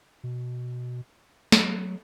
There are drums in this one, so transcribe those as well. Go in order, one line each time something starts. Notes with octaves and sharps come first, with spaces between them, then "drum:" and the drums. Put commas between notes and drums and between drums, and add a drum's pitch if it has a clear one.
B2
F#3, drum: snare